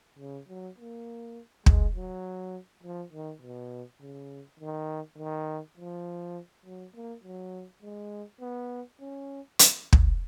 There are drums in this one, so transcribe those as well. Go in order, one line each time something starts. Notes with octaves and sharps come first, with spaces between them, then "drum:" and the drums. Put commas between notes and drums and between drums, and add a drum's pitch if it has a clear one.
C#3
F#3
A#3
G#3, drum: kick
F#3
F3
D#3
B2
C#3
D#3
D#3
F3
F#3
A#3
F#3
G#3
B3
C#4
drum: hi-hat
drum: kick